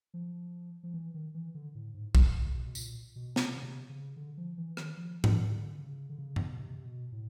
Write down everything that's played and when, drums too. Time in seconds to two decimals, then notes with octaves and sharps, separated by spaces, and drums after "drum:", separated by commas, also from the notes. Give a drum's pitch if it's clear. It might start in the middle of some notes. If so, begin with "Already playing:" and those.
0.14 F3
0.83 F3
0.94 E3
1.14 D#3
1.34 E3
1.55 D3
1.75 A2
1.94 G#2
2.15 G#2, drum: kick
2.36 C#3
2.55 B2
2.66 B2
2.75 A#2, drum: tambourine
3.16 B2
3.36 C3, drum: snare
3.56 C#3
3.63 C3
3.89 C#3
4.16 D3
4.37 F3
4.58 E3
4.77 D#3, drum: rim click
4.97 F3
5.24 E3, drum: tom G#2
5.51 D3
5.78 C#3
6.09 D3
6.19 C#3
6.36 drum: tom G2
6.51 B2
6.59 C3
6.75 C3
6.85 B2
7.12 A2